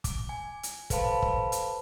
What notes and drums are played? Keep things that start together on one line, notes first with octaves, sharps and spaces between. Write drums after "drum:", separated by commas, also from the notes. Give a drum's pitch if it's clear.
D6, drum: kick, hi-hat
G#5
drum: hi-hat
A4 B4 C5 F5 A5 B5, drum: kick, hi-hat
drum: kick
drum: hi-hat